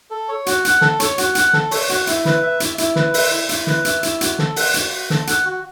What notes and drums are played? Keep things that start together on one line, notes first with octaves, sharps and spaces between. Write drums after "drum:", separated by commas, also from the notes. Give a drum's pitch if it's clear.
A4
C#5
F#4, drum: hi-hat
F#5, drum: hi-hat
A4, drum: snare
C#5, drum: hi-hat
F#4, drum: hi-hat
F#5, drum: hi-hat
A4, drum: snare
C#5, drum: open hi-hat
F#4, drum: hi-hat
E4, drum: hi-hat
B4, drum: snare
E5
E4, drum: hi-hat
E4, drum: hi-hat
B4, drum: snare
E5, drum: open hi-hat
E4
E4, drum: hi-hat
B4, drum: snare
E5, drum: hi-hat
E4, drum: hi-hat
F#4, drum: hi-hat
A4, drum: snare
F#5, drum: open hi-hat
F#4, drum: hi-hat
F#4
A4, drum: snare
F#5, drum: hi-hat
F#4